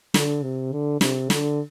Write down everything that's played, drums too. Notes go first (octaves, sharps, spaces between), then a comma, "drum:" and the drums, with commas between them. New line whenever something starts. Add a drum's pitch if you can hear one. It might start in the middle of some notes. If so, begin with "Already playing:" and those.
D3, drum: snare
C3
D3
C3, drum: snare
D3, drum: snare